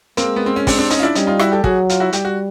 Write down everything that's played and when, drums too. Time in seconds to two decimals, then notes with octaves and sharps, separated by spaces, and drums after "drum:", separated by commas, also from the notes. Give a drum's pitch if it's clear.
0.17 G#3 A#3 C4, drum: hi-hat
0.36 B3
0.46 C4
0.56 C#4
0.67 C4 D4, drum: kick, open hi-hat
0.78 C4 D4
0.90 C#4 D#4, drum: hi-hat
0.99 F4
1.03 D4 E4
1.15 G3 C#4 D#4, drum: hi-hat
1.27 D#4 F4
1.39 E4 F#4, drum: rim click
1.52 G4 A4
1.64 F#3 F#4 G#4, drum: kick
1.90 F4, drum: hi-hat
2.00 E4 F#4
2.13 G3 G4, drum: hi-hat
2.25 F#4